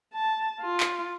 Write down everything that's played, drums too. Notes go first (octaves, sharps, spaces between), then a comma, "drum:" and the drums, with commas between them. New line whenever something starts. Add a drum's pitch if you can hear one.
A5
F4
drum: clap